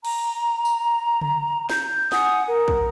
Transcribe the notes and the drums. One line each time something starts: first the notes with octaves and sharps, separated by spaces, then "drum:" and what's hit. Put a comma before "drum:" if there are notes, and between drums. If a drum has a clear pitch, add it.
A#5, drum: cymbal
drum: tambourine
drum: tom C#3
G6, drum: snare
F#5 G#5 D#6, drum: snare
A#4
drum: kick A#1